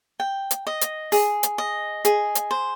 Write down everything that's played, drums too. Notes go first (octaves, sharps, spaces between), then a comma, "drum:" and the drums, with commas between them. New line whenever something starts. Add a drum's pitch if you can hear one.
G5
drum: hi-hat
D#5
drum: hi-hat
G#4, drum: open hi-hat
drum: hi-hat
D#5
G#4, drum: hi-hat
drum: hi-hat
C5